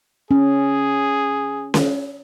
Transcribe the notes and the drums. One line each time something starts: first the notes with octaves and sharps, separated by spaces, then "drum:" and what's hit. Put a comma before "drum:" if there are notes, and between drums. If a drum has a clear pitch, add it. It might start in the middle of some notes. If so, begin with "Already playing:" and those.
C#4 G#4
drum: snare C#4